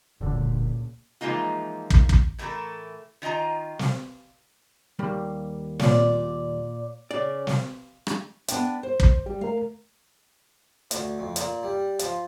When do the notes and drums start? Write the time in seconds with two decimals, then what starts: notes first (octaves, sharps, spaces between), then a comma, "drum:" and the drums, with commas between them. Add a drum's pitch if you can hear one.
0.21 E1 C#2 A#2 D3
1.21 E3 F3 G#3 A#3 D#4 F4
1.90 drum: kick
2.09 drum: kick
2.38 A2 E3 A3 C#4 A4 A#4
3.22 D#3 F4 D#5 G#5 A#5
3.79 drum: snare
4.99 D#2 G3 A#3
5.79 A#2 D5, drum: snare
7.11 C#3 D5
7.47 drum: snare
8.07 drum: rim click
8.48 B3 D4 G5, drum: hi-hat
8.83 C5
9.00 drum: kick
9.26 G3 G4
9.41 A3 A#4 F5
10.91 D2, drum: hi-hat
11.18 F2
11.36 A#2, drum: hi-hat
11.63 G3
11.99 F3, drum: hi-hat